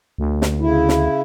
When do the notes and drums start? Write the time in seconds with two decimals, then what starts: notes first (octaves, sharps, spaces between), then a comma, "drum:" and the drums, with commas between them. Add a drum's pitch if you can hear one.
0.18 D2
0.42 drum: snare
0.60 C#3 E4
0.89 drum: snare